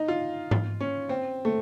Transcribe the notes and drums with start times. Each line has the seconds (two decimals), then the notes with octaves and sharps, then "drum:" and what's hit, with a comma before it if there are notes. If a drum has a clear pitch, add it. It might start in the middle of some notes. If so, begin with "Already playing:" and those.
Already playing: D#4
0.08 F4
0.51 drum: tom G#2
0.81 C#4
1.09 C4
1.45 A3